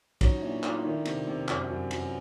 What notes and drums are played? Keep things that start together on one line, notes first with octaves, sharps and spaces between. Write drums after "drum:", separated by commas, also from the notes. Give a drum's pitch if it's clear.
F#3 C#4 D#4, drum: kick, cymbal
A#2 D4 E4
A3 D#4 F4, drum: clap
D#3 D4 E4
C3, drum: cymbal
C3
F#2, drum: clap
F#2
F#2, drum: cymbal